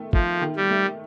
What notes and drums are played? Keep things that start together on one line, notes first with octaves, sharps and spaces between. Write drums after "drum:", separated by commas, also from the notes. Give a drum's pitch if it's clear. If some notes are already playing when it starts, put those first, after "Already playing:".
Already playing: D#3 A3
F3 A3, drum: kick
D#3
G3
A3